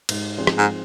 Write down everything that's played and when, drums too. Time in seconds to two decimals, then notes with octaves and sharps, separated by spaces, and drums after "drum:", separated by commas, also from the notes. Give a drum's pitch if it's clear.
0.09 G#2, drum: cymbal
0.38 F3 C4 G#4 C5
0.47 drum: rim click
0.58 G#2